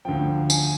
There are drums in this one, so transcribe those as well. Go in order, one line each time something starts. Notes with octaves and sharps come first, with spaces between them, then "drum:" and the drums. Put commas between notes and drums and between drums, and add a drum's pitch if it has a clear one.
D2 D3 F3 G5
G#5, drum: tambourine